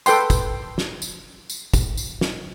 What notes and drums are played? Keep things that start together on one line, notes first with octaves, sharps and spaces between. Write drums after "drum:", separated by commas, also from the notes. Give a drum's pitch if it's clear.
A4 B4 G5 C6, drum: tambourine
drum: kick, tambourine
drum: snare
drum: tambourine
drum: tambourine
drum: kick, tambourine
drum: tambourine
drum: snare